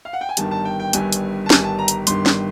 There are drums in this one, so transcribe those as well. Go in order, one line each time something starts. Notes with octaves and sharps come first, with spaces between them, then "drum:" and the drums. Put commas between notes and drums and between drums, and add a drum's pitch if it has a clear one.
F5
F#5
G5
G#5
G1 G2 D#3 G3 A5, drum: hi-hat
A5
G5
G5
G1 G2 D#3 G3 G#5, drum: hi-hat
drum: hi-hat
A5
G1 G2 D#3 G3 G#5, drum: snare
A5
A#5
drum: hi-hat
G1 G2 D#3 G3 C6, drum: hi-hat
drum: snare